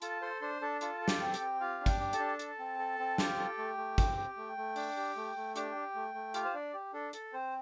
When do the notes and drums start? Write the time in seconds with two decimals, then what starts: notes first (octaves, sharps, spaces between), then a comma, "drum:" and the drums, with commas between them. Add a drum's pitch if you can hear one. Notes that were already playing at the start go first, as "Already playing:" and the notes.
0.02 F4 A4 A5, drum: hi-hat
0.22 A4 C5 C6
0.41 D4 C5 C6
0.62 D4 A4 A5
0.81 F4 A4 A5, drum: hi-hat
1.01 A4
1.08 G4 G5, drum: snare
1.21 C4
1.34 G4 G5, drum: hi-hat
1.40 C4
1.60 F4 G4 F5
1.81 D4
1.86 G4 G5, drum: kick, hi-hat
2.00 G4
2.13 A4 A5, drum: hi-hat
2.19 D4
2.39 A4, drum: hi-hat
2.59 C4
2.79 A4
2.99 C4
3.18 F4 G4 G5, drum: snare
3.38 A4
3.58 A3
3.78 A3
3.98 C4, drum: kick, hi-hat
4.17 G4
4.37 A3
4.57 A3
4.76 D4, drum: open hi-hat
4.97 G4
5.16 A3
5.36 A3
5.56 D4 G4 G5, drum: hi-hat
5.75 G4
5.95 A3
6.14 A3
6.34 F4 G4 F5, drum: hi-hat
6.45 C5
6.54 D4 D5
6.73 G4
6.93 D4 A4
7.13 A4, drum: hi-hat
7.33 C4 C5